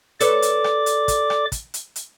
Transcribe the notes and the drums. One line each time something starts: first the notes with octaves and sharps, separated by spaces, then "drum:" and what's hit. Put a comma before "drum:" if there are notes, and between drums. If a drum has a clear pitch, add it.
A4 B4 C#5 D5 D6, drum: hi-hat
drum: hi-hat
drum: rim click
drum: hi-hat
drum: kick, hi-hat
drum: rim click
drum: kick, hi-hat
drum: hi-hat
drum: hi-hat